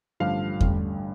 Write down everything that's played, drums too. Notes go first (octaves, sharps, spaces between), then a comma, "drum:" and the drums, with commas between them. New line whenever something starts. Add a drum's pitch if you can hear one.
A1 G2 D3 F3 F5
A1 G2 D3 G3, drum: kick E2